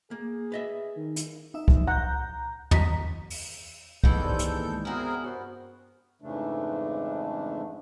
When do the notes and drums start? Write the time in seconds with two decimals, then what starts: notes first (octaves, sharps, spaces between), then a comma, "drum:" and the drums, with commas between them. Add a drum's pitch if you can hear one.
0.11 A#3 G#4
0.52 B4 D#5 E5
0.96 D#3
1.16 drum: hi-hat
1.54 D#4 E5
1.68 drum: kick C2
1.87 F#5 A#5 G6
2.71 D#5 A#5 B6, drum: tom
3.30 drum: open hi-hat
4.04 D#3 E3 B3 G#4 A4 D#5 B5 G6, drum: kick C2
4.22 G2 A#3 C5 C6
4.39 A#3 G#4, drum: hi-hat
4.65 G#3
4.85 B3 C4 E4 F#4 G#4 A#4
5.24 B3 F#4 C5
6.22 F2 G#2 C#3 E3 A3 D4